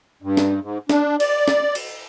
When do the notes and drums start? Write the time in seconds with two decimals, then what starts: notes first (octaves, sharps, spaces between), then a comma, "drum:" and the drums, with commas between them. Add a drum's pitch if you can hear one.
0.22 G2
0.37 drum: snare
0.61 G#2
0.89 D4, drum: snare
1.20 D5, drum: cymbal
1.48 drum: snare
1.75 drum: cymbal